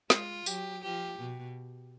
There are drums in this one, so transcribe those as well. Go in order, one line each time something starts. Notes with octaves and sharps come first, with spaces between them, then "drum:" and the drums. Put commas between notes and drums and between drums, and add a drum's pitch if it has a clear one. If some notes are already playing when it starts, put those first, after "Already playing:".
G#3 F4, drum: snare
F#3 G4, drum: tambourine
F3 G4
B2